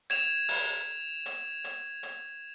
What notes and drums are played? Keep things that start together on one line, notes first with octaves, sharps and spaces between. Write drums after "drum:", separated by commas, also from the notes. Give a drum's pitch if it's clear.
G#6 E7 F7, drum: hi-hat
drum: open hi-hat
drum: hi-hat
drum: hi-hat
drum: hi-hat